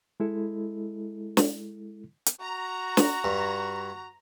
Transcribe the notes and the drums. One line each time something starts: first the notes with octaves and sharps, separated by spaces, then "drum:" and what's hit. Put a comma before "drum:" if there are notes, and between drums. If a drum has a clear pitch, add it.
G#3 E4 A4
drum: snare
drum: hi-hat
F#4 A#5
drum: snare
G2